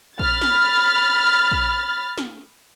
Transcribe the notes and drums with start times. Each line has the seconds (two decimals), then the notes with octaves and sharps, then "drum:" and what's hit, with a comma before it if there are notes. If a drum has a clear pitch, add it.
0.19 B5 F6 A6, drum: kick A#1
0.41 drum: snare
1.52 drum: kick A#1
2.18 drum: snare